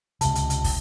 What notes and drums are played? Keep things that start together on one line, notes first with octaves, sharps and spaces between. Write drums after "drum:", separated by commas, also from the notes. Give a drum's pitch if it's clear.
C#2 C3 A5, drum: hi-hat
drum: hi-hat
drum: hi-hat
drum: kick, open hi-hat